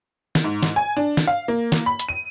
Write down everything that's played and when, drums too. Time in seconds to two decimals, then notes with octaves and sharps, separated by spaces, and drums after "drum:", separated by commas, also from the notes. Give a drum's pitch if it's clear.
0.35 drum: snare
0.44 G#2
0.63 drum: snare
0.76 G#5
0.97 D4
1.17 drum: snare
1.27 F5
1.48 A#3
1.72 drum: snare
1.86 B5
1.99 drum: hi-hat
2.09 D#7